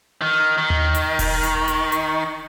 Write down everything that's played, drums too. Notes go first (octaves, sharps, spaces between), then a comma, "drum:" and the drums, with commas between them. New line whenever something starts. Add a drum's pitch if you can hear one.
D#3
D#3
drum: tom D#2
drum: hi-hat
drum: kick E1, open hi-hat
drum: hi-hat
drum: hi-hat
drum: hi-hat